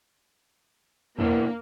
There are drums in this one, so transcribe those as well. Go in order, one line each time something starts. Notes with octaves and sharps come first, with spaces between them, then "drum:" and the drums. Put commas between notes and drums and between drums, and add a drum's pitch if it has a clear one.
B2 A#3 D4 E4, drum: tom E2